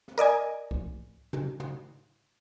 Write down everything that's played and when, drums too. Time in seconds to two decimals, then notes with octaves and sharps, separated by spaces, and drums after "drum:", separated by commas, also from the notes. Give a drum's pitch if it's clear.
0.08 drum: snare
0.18 A#4 D5 D#5 G#5
0.71 drum: kick C2
1.33 drum: tom
1.60 drum: tom